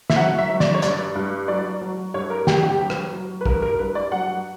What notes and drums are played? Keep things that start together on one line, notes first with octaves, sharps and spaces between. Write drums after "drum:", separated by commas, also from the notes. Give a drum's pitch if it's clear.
E5, drum: snare
F#3 F#5
E5
F#3
D5, drum: snare
C#5
G2 D5, drum: hi-hat
G2
F#3 D5
F#3
G2 C#5
A#4
G2 G4, drum: snare
G4
F#3
drum: rim click
F#3
B4
G2 A#4, drum: kick
A#4
G2 B4
D5
F#3 F#5